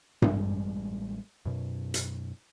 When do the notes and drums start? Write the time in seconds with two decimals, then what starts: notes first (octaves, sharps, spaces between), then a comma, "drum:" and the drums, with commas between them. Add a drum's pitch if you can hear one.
0.22 A1 G3 G#3, drum: tom G2
1.46 F#2 B2
1.94 drum: hi-hat